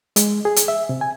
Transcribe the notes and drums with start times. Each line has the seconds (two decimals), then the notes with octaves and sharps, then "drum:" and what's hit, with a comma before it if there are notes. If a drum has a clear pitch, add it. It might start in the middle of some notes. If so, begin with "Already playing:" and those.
0.16 G#3, drum: hi-hat
0.45 G#4
0.56 drum: hi-hat
0.68 E5
0.89 C3
1.01 G#5